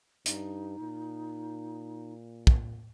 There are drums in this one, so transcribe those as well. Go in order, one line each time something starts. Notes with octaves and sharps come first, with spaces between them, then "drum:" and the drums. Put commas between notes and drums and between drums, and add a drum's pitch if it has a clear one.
G2 D#4, drum: hi-hat
A#2
drum: kick